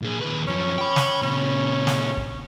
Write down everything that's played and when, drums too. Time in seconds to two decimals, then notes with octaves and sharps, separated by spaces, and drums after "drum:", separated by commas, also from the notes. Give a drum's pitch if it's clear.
0.02 A#2 G#4
0.21 D#2 B4
0.47 F#2 F3 C#4
0.78 G5 B5
0.96 drum: snare
1.22 A#2 C#3 C#4
1.87 drum: snare
2.17 drum: kick